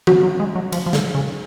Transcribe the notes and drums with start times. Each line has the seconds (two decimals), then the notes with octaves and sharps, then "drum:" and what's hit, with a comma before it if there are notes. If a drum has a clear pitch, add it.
0.07 F#3 F#4, drum: tom D#3
0.23 F#3
0.40 G#3
0.55 F#3
0.72 F3, drum: cymbal
0.86 F3
0.93 D3, drum: snare
1.15 C#3